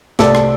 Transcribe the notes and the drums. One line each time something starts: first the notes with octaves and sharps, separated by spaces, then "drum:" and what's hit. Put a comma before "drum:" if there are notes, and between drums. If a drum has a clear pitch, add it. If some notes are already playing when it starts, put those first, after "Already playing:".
C2 C3 A3 C4 A4 D5, drum: snare
drum: rim click